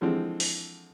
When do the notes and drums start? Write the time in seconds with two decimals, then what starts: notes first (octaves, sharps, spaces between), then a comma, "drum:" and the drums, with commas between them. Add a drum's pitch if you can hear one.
0.01 D3 E3 F3 G#3 C4
0.40 drum: open hi-hat